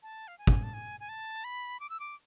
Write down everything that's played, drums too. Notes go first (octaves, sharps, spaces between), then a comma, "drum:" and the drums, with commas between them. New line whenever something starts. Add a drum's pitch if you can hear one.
A5
F5
G#5
drum: kick
A5
G#5
G#5
A5
B5
D6
E6
D6